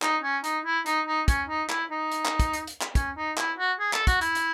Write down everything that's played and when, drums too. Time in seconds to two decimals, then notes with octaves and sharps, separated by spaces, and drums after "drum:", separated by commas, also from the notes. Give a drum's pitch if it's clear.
0.02 D#4, drum: clap
0.23 C#4
0.44 D#4, drum: hi-hat
0.65 E4
0.86 D#4, drum: hi-hat
1.07 D#4
1.28 C#4, drum: kick, hi-hat
1.49 D#4
1.70 E4, drum: clap
1.91 D#4
2.12 drum: hi-hat
2.26 drum: clap
2.40 drum: kick, hi-hat
2.53 drum: hi-hat
2.67 drum: hi-hat
2.81 drum: clap
2.95 C#4, drum: kick, hi-hat
3.17 D#4
3.38 E4, drum: clap
3.58 F#4
3.79 G#4
3.93 A4, drum: clap
4.07 F#4, drum: kick, hi-hat
4.21 E4, drum: hi-hat
4.35 drum: hi-hat